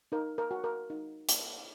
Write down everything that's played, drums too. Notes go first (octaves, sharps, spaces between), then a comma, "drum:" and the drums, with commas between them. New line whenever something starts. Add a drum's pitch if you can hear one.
D#4 A#4
A#4
F#4
A#4
D#4
A#3, drum: hi-hat